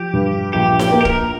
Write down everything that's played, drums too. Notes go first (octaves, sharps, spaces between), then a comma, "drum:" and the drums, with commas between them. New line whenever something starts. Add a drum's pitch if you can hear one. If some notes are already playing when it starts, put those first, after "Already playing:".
Already playing: F3 G4
G2
A#1 G4
G4, drum: snare D#4
A#3
G4
A#4, drum: kick